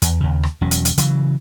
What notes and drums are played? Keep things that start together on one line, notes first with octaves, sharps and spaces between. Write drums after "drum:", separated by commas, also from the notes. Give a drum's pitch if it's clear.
E2, drum: hi-hat
D#2 C#3
drum: rim click
E1 E2 F#3 C#4
drum: hi-hat
drum: hi-hat
C#3 E3 F#3, drum: hi-hat